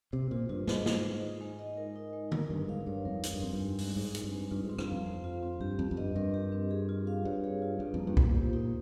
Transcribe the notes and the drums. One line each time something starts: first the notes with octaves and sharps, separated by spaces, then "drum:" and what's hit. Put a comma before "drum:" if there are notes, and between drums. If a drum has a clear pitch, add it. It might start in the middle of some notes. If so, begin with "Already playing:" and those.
C3 C5
A#2 F4
G2 F4
G#2 D#5, drum: snare
C5, drum: snare
F4
D#4
G#3
D#5
A#4
D#4
G#3
A#4, drum: tom D3
G2 D#4
G#2 F5
G2 C#5
F2 A#4
G#2 D#4, drum: hi-hat
G2
F2 C4
G2
G#3
G#3, drum: open hi-hat
G#2 D#4
C4, drum: hi-hat
G2
G#3
G2 F4
G#2
C4
G2, drum: rim click
F2 F5
C5
F4
C4
G2 G4
F2 C4
F2
G2 D#5
G2 A#4
G4
C4
G#4
F4
F5
G2 C#5
G#4
F4
G2 D#4
F2 A#3
G2
A#2 C5, drum: kick B1
A#2 G4
A#2 D#4